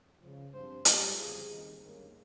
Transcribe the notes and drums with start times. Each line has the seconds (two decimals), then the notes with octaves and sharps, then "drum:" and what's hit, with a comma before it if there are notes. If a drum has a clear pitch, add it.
0.21 C#2 C#3 F3
0.53 G2 F3 C4 C5
0.85 G#2 G3 C#4 G4, drum: hi-hat
1.16 G1 F2 C#3 F3 G#4
1.49 D#2 D#3 G3 C4 D#4
1.81 G#1 G2 D#3 A#3 C#4